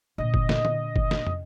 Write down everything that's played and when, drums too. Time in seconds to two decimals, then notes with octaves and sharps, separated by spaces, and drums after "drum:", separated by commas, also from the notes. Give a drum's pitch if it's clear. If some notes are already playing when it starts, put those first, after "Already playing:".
0.18 A#2 D3 D#5
0.34 drum: kick F#1
0.49 drum: snare
0.65 drum: tom D3
0.96 drum: kick F#1
1.11 drum: snare
1.27 drum: tom